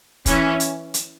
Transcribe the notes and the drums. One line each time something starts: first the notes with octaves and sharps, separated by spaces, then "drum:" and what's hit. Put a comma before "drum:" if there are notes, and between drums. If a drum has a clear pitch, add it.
E3 C#4, drum: kick, hi-hat
drum: hi-hat
drum: hi-hat